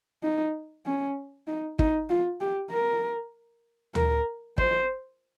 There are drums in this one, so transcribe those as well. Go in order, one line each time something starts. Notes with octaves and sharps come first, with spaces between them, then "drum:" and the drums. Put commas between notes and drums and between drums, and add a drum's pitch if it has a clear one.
D#4
C#4
D#4
D#4, drum: kick
F4
G4
A#4
A#4, drum: tom D2
C5, drum: kick